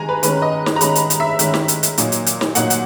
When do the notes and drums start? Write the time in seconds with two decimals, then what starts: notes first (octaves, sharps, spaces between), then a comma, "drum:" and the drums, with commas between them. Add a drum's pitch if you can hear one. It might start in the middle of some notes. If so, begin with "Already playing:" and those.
Already playing: D#3 G#3 G#5 A#5
0.09 B4
0.23 D#3 G#3 C#4 B4, drum: hi-hat
0.42 D#5
0.66 drum: snare
0.76 A#5
0.81 D#3 G#3 C#4 B5, drum: hi-hat
0.95 drum: hi-hat
1.10 drum: hi-hat
1.20 E5
1.39 D#3 G#3 C#4, drum: hi-hat
1.54 drum: snare
1.68 drum: hi-hat
1.83 drum: hi-hat
1.98 A#2 F#3 A#3 D#4, drum: hi-hat
2.12 drum: hi-hat
2.26 drum: hi-hat
2.41 drum: snare
2.55 A#2 F#3 A#3 D#4 F#5, drum: hi-hat
2.70 drum: hi-hat